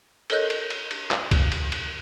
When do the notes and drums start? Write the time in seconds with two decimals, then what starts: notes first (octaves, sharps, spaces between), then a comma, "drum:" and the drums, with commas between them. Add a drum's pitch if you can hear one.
0.30 A4 A#4 C#5 D#5 F#6 G6, drum: cymbal
0.50 drum: cymbal
0.70 drum: cymbal
0.91 drum: cymbal
1.11 drum: clap
1.31 drum: kick C#2, cymbal
1.52 drum: cymbal
1.72 drum: cymbal